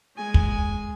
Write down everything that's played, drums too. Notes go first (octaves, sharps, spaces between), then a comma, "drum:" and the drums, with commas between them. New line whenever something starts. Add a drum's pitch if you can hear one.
G#3 G#5
drum: kick